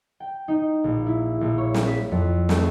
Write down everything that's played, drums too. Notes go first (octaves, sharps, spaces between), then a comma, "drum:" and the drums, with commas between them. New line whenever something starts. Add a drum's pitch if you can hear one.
G5
D#4
A#1
E4
A#1
C#5
drum: snare
B6
F2
A3, drum: snare